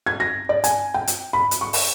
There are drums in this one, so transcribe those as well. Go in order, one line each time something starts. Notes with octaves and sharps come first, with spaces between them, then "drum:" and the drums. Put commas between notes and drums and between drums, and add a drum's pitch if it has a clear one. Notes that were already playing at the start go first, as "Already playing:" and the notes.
G#6
A#6
D5
G#5, drum: hi-hat
G5
drum: hi-hat
B5
drum: hi-hat
C#6
drum: open hi-hat